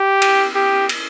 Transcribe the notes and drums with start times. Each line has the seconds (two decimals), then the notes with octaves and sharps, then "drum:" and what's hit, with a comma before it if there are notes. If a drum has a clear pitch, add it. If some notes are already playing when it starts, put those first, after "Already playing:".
Already playing: G4
0.22 drum: cymbal
0.56 G4
0.89 drum: cymbal